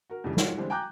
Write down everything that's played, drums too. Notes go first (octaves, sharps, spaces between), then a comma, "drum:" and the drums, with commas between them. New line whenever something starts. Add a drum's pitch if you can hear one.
F#4 A#4
F2 C#3 E3 G3
F4 F#4 A#4 C#5 F#5, drum: snare
D3 E3 G3 G#3 C4 D4
G5 G#5 A#5 D6 F#6 G6